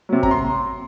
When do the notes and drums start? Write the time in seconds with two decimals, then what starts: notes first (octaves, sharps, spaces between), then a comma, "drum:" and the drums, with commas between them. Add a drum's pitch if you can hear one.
0.09 C3 F#3
0.23 A#5, drum: kick G1
0.31 C6